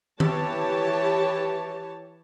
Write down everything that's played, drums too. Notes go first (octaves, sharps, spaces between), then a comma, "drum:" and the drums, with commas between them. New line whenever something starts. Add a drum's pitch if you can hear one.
E3 G4 C#5 A5, drum: tom D#3